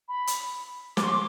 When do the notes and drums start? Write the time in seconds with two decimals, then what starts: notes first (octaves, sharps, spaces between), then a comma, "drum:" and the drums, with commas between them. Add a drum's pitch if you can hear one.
0.09 B5
0.27 drum: hi-hat
0.97 D6, drum: snare
1.04 C6
1.11 D6